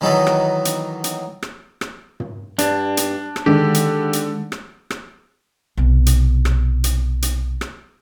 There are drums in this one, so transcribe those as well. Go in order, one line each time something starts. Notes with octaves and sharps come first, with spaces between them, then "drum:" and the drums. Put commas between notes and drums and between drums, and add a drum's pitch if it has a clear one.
D#3 E3 F#3 D#4 A4 B4
drum: rim click
drum: hi-hat
drum: hi-hat
drum: rim click
drum: rim click
drum: tom
G2 D4, drum: hi-hat
drum: hi-hat
drum: rim click
D3 D#3 G#3 G4
drum: hi-hat
drum: hi-hat
drum: rim click
drum: rim click
B1 C3
drum: hi-hat
drum: rim click
drum: hi-hat
drum: hi-hat
drum: rim click